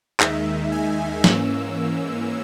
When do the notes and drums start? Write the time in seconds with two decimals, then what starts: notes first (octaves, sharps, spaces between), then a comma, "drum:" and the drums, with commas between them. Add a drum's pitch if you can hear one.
0.20 D#2 D#3 G#3 D#4 E5, drum: clap
0.72 G#5
1.24 G#2 E3 A#3 C#4 E6, drum: snare